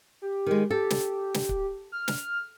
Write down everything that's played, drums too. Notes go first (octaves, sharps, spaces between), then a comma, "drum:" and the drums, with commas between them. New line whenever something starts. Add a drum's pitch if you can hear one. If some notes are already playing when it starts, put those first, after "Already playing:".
G4
D#3 G#3
G4 A4
drum: snare
drum: snare
drum: kick C#1
F6
drum: snare